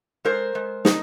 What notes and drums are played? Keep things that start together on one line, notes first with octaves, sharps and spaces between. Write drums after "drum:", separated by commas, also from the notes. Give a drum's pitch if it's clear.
G#3 A#4 C5
G#3
D#4, drum: snare